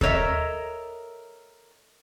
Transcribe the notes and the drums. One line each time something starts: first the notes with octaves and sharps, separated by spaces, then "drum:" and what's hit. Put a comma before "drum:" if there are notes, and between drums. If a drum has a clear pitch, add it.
A4 A#4 C#5 D#5 E5, drum: kick D#2